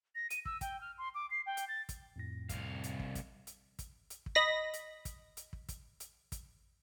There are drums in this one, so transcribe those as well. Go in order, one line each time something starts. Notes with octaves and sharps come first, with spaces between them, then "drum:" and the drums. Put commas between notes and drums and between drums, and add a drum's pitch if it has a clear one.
A#6
D#7, drum: hi-hat
E6, drum: kick
G5, drum: kick, hi-hat
F6
C6
D6
C7
G5
drum: hi-hat
A6
drum: kick, hi-hat
F2 A2 A#6
C2 F5, drum: kick, hi-hat
drum: hi-hat
drum: kick
drum: kick, hi-hat
drum: hi-hat
drum: kick, hi-hat
drum: hi-hat
drum: kick
D#5 B5 A#6
drum: hi-hat
drum: kick, hi-hat
drum: hi-hat
drum: kick
drum: kick, hi-hat
drum: hi-hat
drum: kick, hi-hat